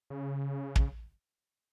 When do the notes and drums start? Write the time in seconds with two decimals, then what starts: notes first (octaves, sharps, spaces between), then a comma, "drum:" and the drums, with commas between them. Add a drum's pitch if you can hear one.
0.10 C#3
0.76 drum: kick